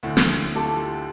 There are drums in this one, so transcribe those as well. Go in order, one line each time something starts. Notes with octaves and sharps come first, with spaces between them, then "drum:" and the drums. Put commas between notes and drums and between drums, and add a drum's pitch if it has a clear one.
D2 A2 D3
drum: snare
F4 G4 A4